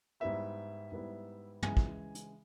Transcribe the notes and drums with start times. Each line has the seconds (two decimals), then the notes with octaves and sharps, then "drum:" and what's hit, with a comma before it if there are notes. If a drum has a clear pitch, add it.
0.20 G#2 G3 B3 E4 E5
0.92 G#2 G3 B3 E4
1.62 C#3 E3 G#3 G#5, drum: tom
1.77 drum: kick
2.15 drum: hi-hat